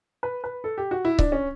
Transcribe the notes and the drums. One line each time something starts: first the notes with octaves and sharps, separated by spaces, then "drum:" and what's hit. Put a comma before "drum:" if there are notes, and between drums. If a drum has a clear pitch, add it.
B4
B4
A4
G4
F#4
E4
D4, drum: kick C#1
C#4